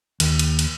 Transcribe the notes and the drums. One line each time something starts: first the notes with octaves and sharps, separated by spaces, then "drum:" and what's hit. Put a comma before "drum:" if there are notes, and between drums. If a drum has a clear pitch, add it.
D#2, drum: cymbal
drum: cymbal
drum: cymbal